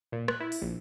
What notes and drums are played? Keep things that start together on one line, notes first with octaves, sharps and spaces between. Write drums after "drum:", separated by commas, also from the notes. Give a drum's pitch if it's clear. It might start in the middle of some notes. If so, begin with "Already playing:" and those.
A#2
F#6, drum: rim click
E4
drum: open hi-hat
A#1